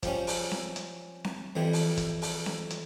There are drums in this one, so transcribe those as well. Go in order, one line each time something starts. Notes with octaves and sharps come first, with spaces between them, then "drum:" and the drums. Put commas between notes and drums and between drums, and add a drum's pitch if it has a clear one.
F3 G3 C#4, drum: kick, hi-hat
drum: open hi-hat
drum: snare C4
drum: hi-hat
drum: snare C4
F2 E3 G3
drum: open hi-hat
drum: kick, hi-hat
drum: open hi-hat
drum: snare C4
drum: hi-hat